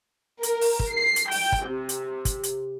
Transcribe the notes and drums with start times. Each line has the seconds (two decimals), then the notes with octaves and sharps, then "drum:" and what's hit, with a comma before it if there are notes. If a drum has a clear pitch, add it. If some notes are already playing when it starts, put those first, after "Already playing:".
0.43 A#4, drum: hi-hat
0.61 drum: open hi-hat
0.80 drum: kick
0.93 C7
1.16 drum: hi-hat
1.31 G5, drum: open hi-hat
1.52 drum: kick
1.67 C3
1.89 drum: hi-hat
2.25 drum: kick, hi-hat
2.43 drum: hi-hat